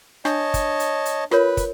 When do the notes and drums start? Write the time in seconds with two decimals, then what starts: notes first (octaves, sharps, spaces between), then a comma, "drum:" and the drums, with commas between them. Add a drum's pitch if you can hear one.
0.25 D4 C#5 D#5 A5, drum: rim click
0.54 drum: kick, hi-hat
0.80 drum: hi-hat
1.06 drum: hi-hat
1.31 F4 A#4 B4 C#5, drum: rim click
1.57 drum: kick, hi-hat